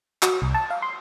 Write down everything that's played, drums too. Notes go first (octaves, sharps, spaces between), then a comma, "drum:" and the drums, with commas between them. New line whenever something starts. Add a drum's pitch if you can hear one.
F#4, drum: clap
C2
A5
F5
C6